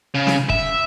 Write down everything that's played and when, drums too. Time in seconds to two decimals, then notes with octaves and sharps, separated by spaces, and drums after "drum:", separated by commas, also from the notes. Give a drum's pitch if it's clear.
0.15 C#3
0.27 drum: snare
0.50 E5, drum: kick